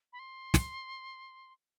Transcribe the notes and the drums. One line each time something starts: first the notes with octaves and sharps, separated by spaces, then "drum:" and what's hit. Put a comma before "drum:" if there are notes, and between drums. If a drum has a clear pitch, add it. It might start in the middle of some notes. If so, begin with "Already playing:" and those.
B5
C6
drum: snare